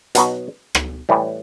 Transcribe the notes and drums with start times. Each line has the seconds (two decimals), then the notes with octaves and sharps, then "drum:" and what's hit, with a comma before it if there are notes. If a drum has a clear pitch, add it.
0.15 B2 F#3 B3 D#4 F#4, drum: hi-hat
0.75 drum: rim click
1.09 A2 E3 G3